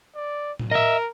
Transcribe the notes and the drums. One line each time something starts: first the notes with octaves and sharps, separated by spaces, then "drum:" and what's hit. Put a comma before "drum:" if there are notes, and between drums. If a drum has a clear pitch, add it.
D5
drum: tom A2
A#4 D#5 E5